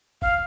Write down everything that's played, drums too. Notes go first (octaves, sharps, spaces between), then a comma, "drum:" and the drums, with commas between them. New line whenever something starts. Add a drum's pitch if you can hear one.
F5, drum: kick